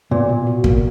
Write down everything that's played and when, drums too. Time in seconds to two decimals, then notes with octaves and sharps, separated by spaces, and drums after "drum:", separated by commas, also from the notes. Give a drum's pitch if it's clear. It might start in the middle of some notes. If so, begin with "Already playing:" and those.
0.11 A#2 B3
0.29 B2
0.47 F#4
0.64 A#3, drum: kick